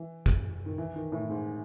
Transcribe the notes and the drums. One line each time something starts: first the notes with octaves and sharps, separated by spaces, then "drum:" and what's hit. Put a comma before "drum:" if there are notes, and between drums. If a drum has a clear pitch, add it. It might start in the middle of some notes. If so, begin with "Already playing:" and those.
Already playing: E3
drum: kick
D#3
E3
D#3
A2
G#2